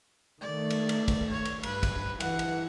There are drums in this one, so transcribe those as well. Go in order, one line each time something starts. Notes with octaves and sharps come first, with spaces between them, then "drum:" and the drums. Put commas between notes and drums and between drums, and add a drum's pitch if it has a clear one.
D#3 A3 D5
drum: cymbal
drum: cymbal
drum: kick, cymbal
C#5
drum: cymbal
G2 B4, drum: cymbal
drum: kick, cymbal
E3 F#5, drum: cymbal
drum: cymbal